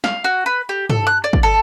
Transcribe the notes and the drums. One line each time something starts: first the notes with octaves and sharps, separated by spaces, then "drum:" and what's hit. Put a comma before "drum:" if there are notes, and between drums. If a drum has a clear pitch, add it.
F5, drum: snare
F#4
B4
G4
A4, drum: tom
F#6
D5
drum: kick
A4